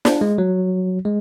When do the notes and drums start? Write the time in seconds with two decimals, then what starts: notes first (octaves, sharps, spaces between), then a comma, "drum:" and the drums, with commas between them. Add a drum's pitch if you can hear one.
0.05 D4, drum: snare
0.21 G#3
0.38 F#3
1.05 G#3